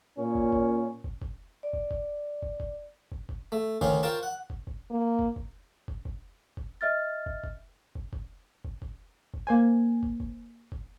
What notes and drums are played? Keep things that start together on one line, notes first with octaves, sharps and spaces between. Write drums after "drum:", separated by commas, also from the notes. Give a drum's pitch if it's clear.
A#2 C#4
drum: kick
drum: kick
drum: kick
drum: kick
D5
drum: kick
drum: kick
drum: kick
drum: kick
drum: kick
drum: kick
A3
D2 D#3 C#4 D#4 F5, drum: kick
F4 A#4 C5 G5 A5 C#6
F#5
drum: kick
drum: kick
A#3
drum: kick
drum: kick
drum: kick
drum: kick
drum: kick
D#5 E5 F6 A6
drum: kick
drum: kick
drum: kick
drum: kick
drum: kick
drum: kick
drum: kick
A#3 C5 G#5
drum: kick
drum: kick
drum: kick